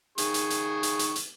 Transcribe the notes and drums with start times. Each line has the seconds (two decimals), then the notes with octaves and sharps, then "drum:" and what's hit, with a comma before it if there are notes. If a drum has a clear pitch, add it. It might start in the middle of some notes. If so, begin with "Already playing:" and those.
0.18 D#3 G#4 C#6, drum: hi-hat
0.34 drum: hi-hat
0.50 drum: hi-hat
0.83 drum: hi-hat
0.99 drum: hi-hat
1.16 drum: hi-hat